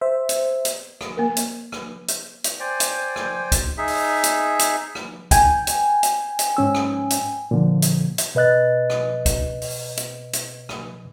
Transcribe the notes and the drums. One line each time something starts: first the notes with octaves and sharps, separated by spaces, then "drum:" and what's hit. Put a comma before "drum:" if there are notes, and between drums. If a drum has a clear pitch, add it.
C5 E5
drum: hi-hat
drum: hi-hat
drum: rim click
A#3 A#4
drum: hi-hat
drum: rim click
drum: hi-hat
drum: hi-hat
C5 D5 G5 G#5
drum: hi-hat
drum: rim click
drum: kick, hi-hat
D#4 G#4 E5
drum: open hi-hat
drum: hi-hat
drum: hi-hat
drum: rim click
G5 G#5, drum: kick, hi-hat
drum: hi-hat
drum: hi-hat
drum: hi-hat
G#2 C#4 E6
drum: rim click
drum: hi-hat
A#2 D3 F3
drum: hi-hat
drum: hi-hat
B2 B4 D#5 F#6 A6
drum: rim click
drum: kick, hi-hat
drum: open hi-hat
drum: hi-hat
drum: hi-hat
drum: rim click